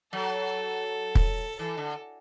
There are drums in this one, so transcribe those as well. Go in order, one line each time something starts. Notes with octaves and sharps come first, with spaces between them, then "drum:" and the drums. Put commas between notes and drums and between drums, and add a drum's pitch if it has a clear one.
F#3 A4
drum: kick
E3 A4
D3